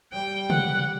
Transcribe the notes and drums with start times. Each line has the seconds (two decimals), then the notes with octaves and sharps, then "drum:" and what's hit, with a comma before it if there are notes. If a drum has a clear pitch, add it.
0.12 G3 G5
0.50 F#5, drum: tom